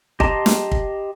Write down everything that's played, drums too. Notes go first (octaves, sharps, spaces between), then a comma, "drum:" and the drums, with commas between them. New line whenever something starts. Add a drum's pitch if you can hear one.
G4 D#5 A5 A#5 C6, drum: kick
drum: snare
drum: kick